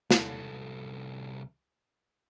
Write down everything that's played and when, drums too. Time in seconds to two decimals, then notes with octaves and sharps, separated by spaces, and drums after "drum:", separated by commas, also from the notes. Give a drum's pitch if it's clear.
0.11 C2 A4, drum: snare